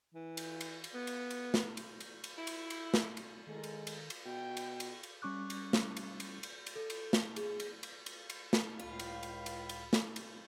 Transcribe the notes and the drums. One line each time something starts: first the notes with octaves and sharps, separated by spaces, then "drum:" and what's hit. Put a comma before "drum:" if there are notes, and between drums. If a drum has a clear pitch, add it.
E3
drum: cymbal
drum: cymbal
drum: cymbal
B3
drum: cymbal
drum: cymbal
drum: snare
drum: cymbal
drum: cymbal
drum: cymbal
E4
drum: cymbal
drum: cymbal
drum: snare
drum: cymbal
D#3 G#3 A4 A#4
drum: cymbal
drum: cymbal
drum: cymbal
B2 G5
drum: cymbal
drum: cymbal
drum: cymbal
G3 C#4 C#6 D6 F#6
drum: cymbal
drum: snare
drum: cymbal
drum: cymbal
drum: cymbal
drum: cymbal
A4
drum: cymbal
drum: snare
G#4, drum: cymbal
drum: cymbal
drum: cymbal
drum: cymbal
drum: cymbal
drum: snare
C#2 A2 F4 F5 B5
drum: cymbal
drum: cymbal
drum: cymbal
drum: cymbal
drum: snare
drum: cymbal